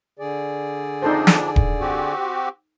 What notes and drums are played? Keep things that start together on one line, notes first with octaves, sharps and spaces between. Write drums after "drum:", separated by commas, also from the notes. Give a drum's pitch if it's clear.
D3 G#4 D5
F2 D4 D#4 A4 C5
drum: snare
drum: kick D#1
C4 F#4 G4